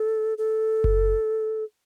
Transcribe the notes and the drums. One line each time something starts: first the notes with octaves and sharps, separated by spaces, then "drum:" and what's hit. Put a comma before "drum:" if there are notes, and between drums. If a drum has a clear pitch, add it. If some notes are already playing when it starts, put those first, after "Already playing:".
Already playing: A4
A4
drum: kick F#1